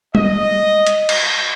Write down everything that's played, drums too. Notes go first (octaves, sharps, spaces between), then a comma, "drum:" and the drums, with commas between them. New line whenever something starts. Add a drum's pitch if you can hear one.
D#5, drum: tom G3
drum: hi-hat
drum: cymbal